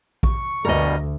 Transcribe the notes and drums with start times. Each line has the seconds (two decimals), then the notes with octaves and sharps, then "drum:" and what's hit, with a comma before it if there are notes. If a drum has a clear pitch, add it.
0.23 C#6, drum: kick A#1
0.65 D2 G2 B2 G3 A#4 D#5